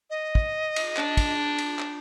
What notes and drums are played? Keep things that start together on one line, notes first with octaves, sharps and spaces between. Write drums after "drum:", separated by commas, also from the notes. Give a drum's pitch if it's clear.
D#5
drum: kick
drum: cymbal
D4, drum: clap
drum: kick, cymbal
drum: cymbal
drum: clap